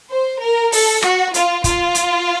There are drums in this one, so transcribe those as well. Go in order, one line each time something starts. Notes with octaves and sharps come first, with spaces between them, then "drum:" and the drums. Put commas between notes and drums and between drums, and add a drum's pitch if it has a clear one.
C5
A#4
A4, drum: open hi-hat
F#4, drum: rim click
F4, drum: hi-hat
F4, drum: kick, hi-hat
drum: hi-hat